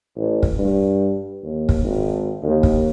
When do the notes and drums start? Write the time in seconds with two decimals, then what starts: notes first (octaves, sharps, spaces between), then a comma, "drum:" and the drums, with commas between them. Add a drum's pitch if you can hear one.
0.17 A1
0.43 drum: kick
0.58 G2
1.43 D#2
1.69 drum: kick
1.84 G#1
2.43 D#2
2.63 drum: kick